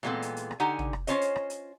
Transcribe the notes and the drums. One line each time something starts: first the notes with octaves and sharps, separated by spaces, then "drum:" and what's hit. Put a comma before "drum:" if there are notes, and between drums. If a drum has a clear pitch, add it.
A#2 E3 G#3 B3 C4 A4
drum: hi-hat
drum: hi-hat
drum: rim click
D3 D#4 G4 F#5 G#5
drum: tom
drum: rim click
C#4 F4 C5 C#5 D#5, drum: hi-hat
drum: hi-hat
drum: rim click
drum: hi-hat